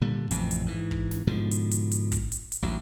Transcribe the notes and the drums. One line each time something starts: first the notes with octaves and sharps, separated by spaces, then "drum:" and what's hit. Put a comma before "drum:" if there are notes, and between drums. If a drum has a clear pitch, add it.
A#2 D3 G3
A1 F2 A2 C3, drum: hi-hat
drum: hi-hat
G#2 E3
drum: kick
drum: snare
G#2 B2 D3 F3
drum: hi-hat
drum: hi-hat
drum: hi-hat
drum: kick, hi-hat
drum: hi-hat
drum: hi-hat
A1 D2 F#3